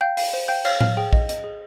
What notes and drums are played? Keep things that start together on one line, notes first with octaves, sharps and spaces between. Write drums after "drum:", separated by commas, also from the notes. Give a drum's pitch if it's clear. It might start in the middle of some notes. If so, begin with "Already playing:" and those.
F5 G5 G6
F5, drum: open hi-hat
C5
F5 G5 G6
C#5 F5 F6, drum: cymbal
F5 F6, drum: tom A2
G#4 G5
D#5, drum: kick
D#5, drum: hi-hat
G#4